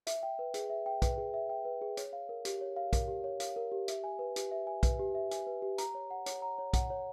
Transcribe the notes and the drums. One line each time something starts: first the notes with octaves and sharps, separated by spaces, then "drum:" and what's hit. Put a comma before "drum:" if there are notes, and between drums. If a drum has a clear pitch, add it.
E5, drum: hi-hat
G5
B4
G#4, drum: hi-hat
E5
G5
B4, drum: kick, hi-hat
G#4
E5
G5
B4
G#4
C#5, drum: hi-hat
F5
A#4
G4, drum: hi-hat
C#5
F5
A#4, drum: kick, hi-hat
G4
C#5
F5, drum: hi-hat
A#4
G4
E5, drum: hi-hat
G#5
B4
G4, drum: hi-hat
E5
G#5
B4, drum: kick, hi-hat
G4
E5
G#5, drum: hi-hat
B4
G4
A#5, drum: hi-hat
C#5
F#5
C#5, drum: hi-hat
A#5
C#5
F#5, drum: kick, hi-hat
C#5